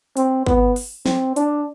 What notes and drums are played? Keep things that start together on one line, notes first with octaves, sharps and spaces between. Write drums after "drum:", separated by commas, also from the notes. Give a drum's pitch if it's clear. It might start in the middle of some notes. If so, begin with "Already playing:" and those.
C4, drum: hi-hat
B3, drum: kick
drum: open hi-hat
C4, drum: snare
D4, drum: hi-hat